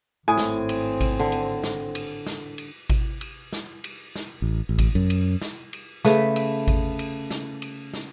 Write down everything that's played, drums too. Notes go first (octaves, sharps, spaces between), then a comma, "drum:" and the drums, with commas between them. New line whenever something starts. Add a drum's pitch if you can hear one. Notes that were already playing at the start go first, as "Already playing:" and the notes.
G#1 A2 C4 G#5 D#6
drum: snare
drum: cymbal
drum: kick G#1, cymbal
D3
drum: cymbal
drum: snare
drum: cymbal
drum: snare
drum: cymbal
drum: kick G#1, cymbal
drum: cymbal
drum: snare
drum: cymbal
drum: snare
A1
A1
drum: kick G#1, cymbal
F#2
drum: cymbal
drum: snare
drum: cymbal
C#3 A3 B4, drum: snare
drum: cymbal
drum: kick G#1, cymbal
drum: cymbal
drum: snare
drum: cymbal
drum: snare